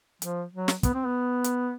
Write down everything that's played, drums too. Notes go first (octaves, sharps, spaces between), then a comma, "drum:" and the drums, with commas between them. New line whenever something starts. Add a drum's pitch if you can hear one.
F3, drum: hi-hat
F#3
drum: snare
B3, drum: kick, hi-hat
C4
B3
drum: hi-hat